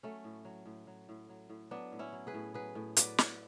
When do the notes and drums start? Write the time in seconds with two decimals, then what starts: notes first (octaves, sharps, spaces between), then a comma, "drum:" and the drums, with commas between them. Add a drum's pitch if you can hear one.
0.03 F#3 A3 C#4
0.24 A2
0.45 F#3
0.66 A2
0.87 F#3
1.09 A2
1.29 F#3
1.49 A2
1.71 F#3 B3 D4
1.92 A2
1.99 C#4 E4
2.12 F#3
2.27 G#4 B4
2.34 A2
2.54 F#3 G#4 B4
2.75 A2
2.97 F#3 B4 D5, drum: hi-hat
3.18 A2, drum: snare